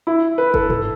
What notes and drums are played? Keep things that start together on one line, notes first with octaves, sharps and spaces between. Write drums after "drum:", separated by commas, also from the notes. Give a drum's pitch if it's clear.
E4
B4
A4, drum: kick F#1
A4, drum: tom G2